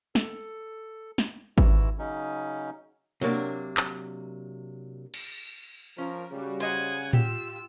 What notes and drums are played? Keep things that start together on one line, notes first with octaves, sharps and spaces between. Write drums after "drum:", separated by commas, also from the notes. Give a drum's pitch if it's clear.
A4, drum: snare
drum: snare
G#2 C3 E3 E4 F#4 E6, drum: kick G#1
C#3 F#3 C#4 D#4
C3 F#3 A#3 D4, drum: hi-hat
drum: clap
drum: cymbal
F3 C#4 A#4
C#3 G3 F#4
C5 D#5 F#5 G#5, drum: hi-hat
F4 G4 E6, drum: tom A2